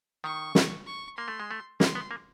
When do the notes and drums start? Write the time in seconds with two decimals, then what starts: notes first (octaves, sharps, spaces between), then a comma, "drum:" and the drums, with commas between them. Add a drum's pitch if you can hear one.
0.24 D#3 C#6
0.55 drum: snare
0.86 C#6
1.17 A#3 C6
1.28 A3
1.40 G#3
1.51 A3
1.80 A#3 C6, drum: snare
1.95 B3
2.11 A#3